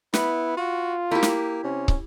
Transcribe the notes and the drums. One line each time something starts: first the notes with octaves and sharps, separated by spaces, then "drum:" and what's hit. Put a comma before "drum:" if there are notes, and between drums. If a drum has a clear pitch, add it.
B3 E4, drum: snare
F4 F#4
A#3 E4 G4
drum: snare
C3 C#4
drum: kick